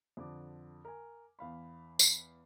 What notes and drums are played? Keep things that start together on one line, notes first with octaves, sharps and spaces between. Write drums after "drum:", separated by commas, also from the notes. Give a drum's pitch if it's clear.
F2 D3 D6
A#4 G#5
E2 F5 B5
drum: tambourine